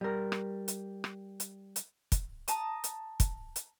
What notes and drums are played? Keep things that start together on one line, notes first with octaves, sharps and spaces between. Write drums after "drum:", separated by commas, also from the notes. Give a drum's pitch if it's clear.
G3 A#4
drum: rim click
drum: hi-hat
drum: rim click
drum: hi-hat
drum: hi-hat
drum: kick, hi-hat
A5 A#5 D#6, drum: hi-hat
drum: hi-hat
drum: kick, hi-hat
drum: hi-hat